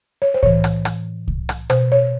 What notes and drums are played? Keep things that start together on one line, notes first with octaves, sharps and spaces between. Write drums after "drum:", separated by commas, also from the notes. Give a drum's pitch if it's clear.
C#5
C5
A2 E3 C#5, drum: kick C2
drum: rim click
drum: rim click
drum: kick C2
drum: rim click
B2 C5, drum: rim click
C#5